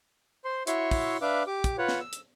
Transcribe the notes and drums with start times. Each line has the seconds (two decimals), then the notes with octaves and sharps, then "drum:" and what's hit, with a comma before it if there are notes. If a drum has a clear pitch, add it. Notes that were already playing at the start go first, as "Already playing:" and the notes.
0.45 C5 C6
0.67 E4 F#4 C#5 E5 C6 C#6, drum: hi-hat
0.91 drum: kick, open hi-hat
1.22 D4 B4 E5 F5 D6
1.47 G4 D6
1.64 drum: kick, hi-hat
1.78 F4 B4 C#5 F#5
1.88 drum: snare
2.00 E6
2.13 drum: hi-hat